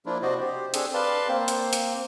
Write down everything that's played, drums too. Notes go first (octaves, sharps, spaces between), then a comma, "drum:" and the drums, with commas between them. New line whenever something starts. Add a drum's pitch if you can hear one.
F3 A#3 D4 E4 F4
C3 F#4 C5 D5 D#5
G4 C5
C4 D4 G#4 A4, drum: hi-hat
B4 D5 F5 A5 C6
A#3 C4 C5
drum: hi-hat
drum: hi-hat